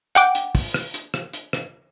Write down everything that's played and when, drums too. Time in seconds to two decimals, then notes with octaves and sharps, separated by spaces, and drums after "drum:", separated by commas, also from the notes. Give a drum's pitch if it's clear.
0.15 F#5 G5 D6, drum: hi-hat
0.35 drum: hi-hat
0.55 drum: kick, open hi-hat
0.74 drum: rim click
0.94 drum: hi-hat
1.14 drum: rim click
1.34 drum: hi-hat
1.53 drum: rim click